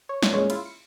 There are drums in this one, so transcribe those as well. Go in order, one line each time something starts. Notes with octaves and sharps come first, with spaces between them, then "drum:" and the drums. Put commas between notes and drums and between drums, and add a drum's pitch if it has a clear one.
C#5
drum: snare
E2 A#2 G#3 C#4 C#5 C#6
E4 F4, drum: cymbal
C#7